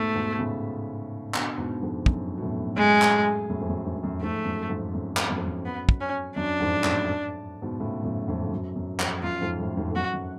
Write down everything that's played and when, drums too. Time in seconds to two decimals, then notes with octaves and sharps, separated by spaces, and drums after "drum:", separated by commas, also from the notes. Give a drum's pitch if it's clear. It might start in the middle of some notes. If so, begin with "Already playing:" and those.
Already playing: G#2 B2 A3
0.15 G#2 B2
0.39 A2 C#3
1.34 B2 D3, drum: clap
1.58 G#2 B2
1.82 F2 G#2
2.06 F#2, drum: kick
2.37 B2
2.42 F#2 A2
2.78 G#3
3.02 drum: clap
3.49 F#2 A2
3.61 F2
3.68 F#2
3.85 F2
3.97 F2
4.03 F#2
4.21 F2 G#2 A3
4.45 F#2
4.69 F2 G#2
4.93 F#2
5.17 drum: clap
5.29 F#2
5.36 F2
5.45 F#2
5.65 B3
5.89 drum: kick
6.00 C#4
6.36 F#2 D4
6.60 F2 G#2
6.84 F#2 A2, drum: clap
7.62 G#2 B2
7.80 A2 C#3
8.04 F#2 A2
8.28 F2 G#2
8.44 G#2
8.52 F#2
8.76 F#2
9.00 F2, drum: clap
9.23 F#2 F4
9.41 F2 G#2
9.59 F#2 A2
9.77 F2 G#2
9.91 F2
9.94 F#2 F#4
10.13 F#2